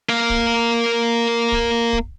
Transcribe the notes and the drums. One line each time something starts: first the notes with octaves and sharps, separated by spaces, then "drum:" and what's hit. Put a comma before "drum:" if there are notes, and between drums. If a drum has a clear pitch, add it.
A#3 F5
drum: kick
drum: kick
drum: kick